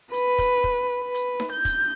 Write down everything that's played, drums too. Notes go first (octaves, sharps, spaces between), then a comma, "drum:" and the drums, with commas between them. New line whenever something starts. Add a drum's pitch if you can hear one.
B4, drum: hi-hat
drum: kick, hi-hat
drum: kick
B4
drum: hi-hat
drum: snare D#4
G6
drum: kick, hi-hat